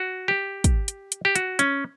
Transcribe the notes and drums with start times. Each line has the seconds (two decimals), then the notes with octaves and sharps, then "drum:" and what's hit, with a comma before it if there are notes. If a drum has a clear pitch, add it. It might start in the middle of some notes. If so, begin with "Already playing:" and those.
Already playing: F#4
0.28 G4
0.64 drum: kick, hi-hat
0.88 drum: hi-hat
1.12 drum: hi-hat
1.25 G4
1.36 F#4, drum: hi-hat
1.59 C#4, drum: hi-hat